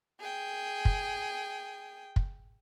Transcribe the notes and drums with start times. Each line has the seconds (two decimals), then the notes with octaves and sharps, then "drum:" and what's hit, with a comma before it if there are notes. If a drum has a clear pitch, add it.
0.20 G#4 G5
0.85 drum: kick
2.16 drum: kick